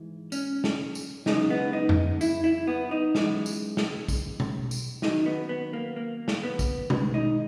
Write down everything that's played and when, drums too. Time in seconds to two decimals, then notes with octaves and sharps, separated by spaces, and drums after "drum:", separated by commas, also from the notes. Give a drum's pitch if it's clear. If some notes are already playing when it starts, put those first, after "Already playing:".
Already playing: G#2 E3 G#3
0.32 C#4, drum: tambourine
0.64 drum: snare
0.95 drum: tambourine
1.26 F#2 C#3 E3 G#3 D#4, drum: snare
1.50 B3
1.73 D#4
1.89 drum: tom F2
2.21 E4, drum: tambourine
2.44 E4
2.67 B3
2.91 D#4
3.15 F#2 E3 G#3, drum: snare
3.46 drum: tambourine
3.77 drum: snare
4.08 drum: kick, tambourine
4.40 drum: tom B2
4.71 drum: tambourine
5.02 F#2 D#3 F#3 D#4, drum: snare
5.26 B3
5.49 B3
5.73 A#3
5.96 A#3
6.28 drum: snare
6.43 B3
6.59 drum: kick, tambourine
6.90 G#2 D#3 G#3, drum: tom B2
7.14 D#4